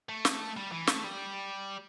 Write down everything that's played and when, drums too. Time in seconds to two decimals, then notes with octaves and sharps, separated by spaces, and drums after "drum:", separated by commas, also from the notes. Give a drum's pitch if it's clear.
0.09 A3
0.25 drum: snare
0.57 G3
0.72 E3
0.87 A3, drum: snare
1.04 G3